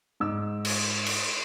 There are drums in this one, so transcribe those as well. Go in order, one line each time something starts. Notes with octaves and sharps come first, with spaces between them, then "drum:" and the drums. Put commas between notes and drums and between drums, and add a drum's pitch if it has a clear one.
G#2 D6 E6
drum: cymbal
drum: cymbal